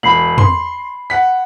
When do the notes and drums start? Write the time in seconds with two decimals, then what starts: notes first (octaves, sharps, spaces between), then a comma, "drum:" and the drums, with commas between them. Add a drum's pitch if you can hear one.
0.03 E1 B5 C7 F#7
0.38 C6, drum: tom E2
1.10 F#5 B6